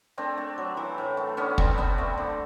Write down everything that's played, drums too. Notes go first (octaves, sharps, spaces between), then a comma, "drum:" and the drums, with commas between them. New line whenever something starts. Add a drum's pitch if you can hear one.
A3 C4 D4
A3
F#3
E3
A2
A3
D3 B3 C#4
G3 C4, drum: kick
G3 B3
A3 C4
D3